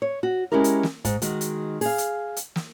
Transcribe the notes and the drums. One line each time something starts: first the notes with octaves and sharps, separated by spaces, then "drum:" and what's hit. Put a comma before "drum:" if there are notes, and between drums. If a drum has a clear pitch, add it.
C#5
F#4
G#3 A3 C#4 E4 G4 A#4
drum: hi-hat
drum: snare
G#2, drum: kick, hi-hat
D#3 G#3 F#4, drum: hi-hat
drum: hi-hat
G#4 F5, drum: open hi-hat
drum: hi-hat
drum: hi-hat
drum: snare